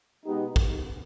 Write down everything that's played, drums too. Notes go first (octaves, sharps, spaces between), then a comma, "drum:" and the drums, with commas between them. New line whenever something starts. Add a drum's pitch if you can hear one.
B2 G#3 B3 D#4 G4
drum: kick